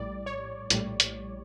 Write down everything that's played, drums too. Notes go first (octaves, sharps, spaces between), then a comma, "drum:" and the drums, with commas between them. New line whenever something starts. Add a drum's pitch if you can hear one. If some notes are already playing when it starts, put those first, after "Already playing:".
Already playing: A#1 A2 G3 D5
C#5
A#1 A2 G3, drum: hi-hat
drum: hi-hat